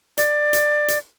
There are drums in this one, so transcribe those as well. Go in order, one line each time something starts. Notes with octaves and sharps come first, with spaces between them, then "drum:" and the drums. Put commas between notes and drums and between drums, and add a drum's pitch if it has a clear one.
D5, drum: hi-hat
drum: hi-hat
drum: hi-hat